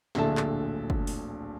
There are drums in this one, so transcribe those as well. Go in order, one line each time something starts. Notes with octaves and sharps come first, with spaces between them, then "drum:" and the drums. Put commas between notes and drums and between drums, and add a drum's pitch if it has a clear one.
D1 A#1 D3 E5 A5, drum: snare
drum: clap
drum: kick
drum: open hi-hat